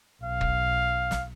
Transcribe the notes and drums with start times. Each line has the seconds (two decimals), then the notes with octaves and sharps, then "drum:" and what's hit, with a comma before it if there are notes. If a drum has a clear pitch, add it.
0.23 B1 F5
0.41 drum: kick
1.11 drum: snare